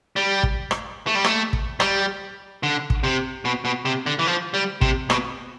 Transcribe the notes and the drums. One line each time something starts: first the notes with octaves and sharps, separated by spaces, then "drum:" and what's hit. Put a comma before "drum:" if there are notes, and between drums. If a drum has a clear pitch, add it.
G3
drum: kick
drum: rim click
A3
G3
A3, drum: rim click
drum: kick
G3, drum: rim click
D3
drum: kick
C3
B2
B2
C3
D3
E3
F3
G3
C3, drum: kick
B2, drum: rim click